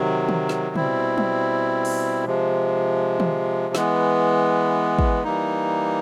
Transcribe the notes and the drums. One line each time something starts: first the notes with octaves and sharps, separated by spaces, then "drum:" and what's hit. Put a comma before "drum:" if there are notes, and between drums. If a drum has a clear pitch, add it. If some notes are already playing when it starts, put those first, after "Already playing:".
Already playing: C3 D#3 F#3
drum: tom
drum: snare
B2 G3 C4 E4, drum: tom
drum: tom
drum: open hi-hat
C3 F3 G#3
drum: tom
E3 G#3 B3, drum: snare
drum: kick
E3 G3 A#3 D#4